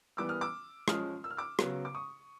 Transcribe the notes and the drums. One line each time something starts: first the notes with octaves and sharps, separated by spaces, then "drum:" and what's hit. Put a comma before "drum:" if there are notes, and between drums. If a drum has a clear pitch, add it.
E3 G3 B3 D6 E6
D#6 F6
D6 E6
F3 G#3 C#4 D#6 F6, drum: rim click
E6
F6
D6 E6
C#3 F#3 B3, drum: rim click
D6
C#6 D#6